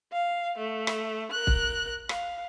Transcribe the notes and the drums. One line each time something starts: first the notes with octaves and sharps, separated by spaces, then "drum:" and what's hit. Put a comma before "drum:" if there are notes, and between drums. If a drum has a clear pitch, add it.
F5
A3
drum: rim click
A#4 F#6
drum: kick
F5, drum: rim click